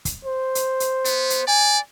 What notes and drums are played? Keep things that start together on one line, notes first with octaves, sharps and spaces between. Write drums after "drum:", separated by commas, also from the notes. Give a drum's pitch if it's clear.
drum: kick, hi-hat
C5
drum: hi-hat
drum: hi-hat
B3, drum: hi-hat
drum: hi-hat
D5 G#5